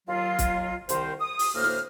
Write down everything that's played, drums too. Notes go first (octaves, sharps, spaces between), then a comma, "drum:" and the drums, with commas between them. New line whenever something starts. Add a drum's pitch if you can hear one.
D#2 F#3 F4
drum: kick, hi-hat
C2 D#3 C5, drum: hi-hat
D#6
drum: open hi-hat
D2 A2 A#3 C5 F6
drum: snare